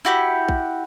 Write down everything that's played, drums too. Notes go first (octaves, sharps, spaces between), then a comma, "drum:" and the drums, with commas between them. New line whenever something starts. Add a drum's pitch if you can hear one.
E4 F#4 G4
drum: kick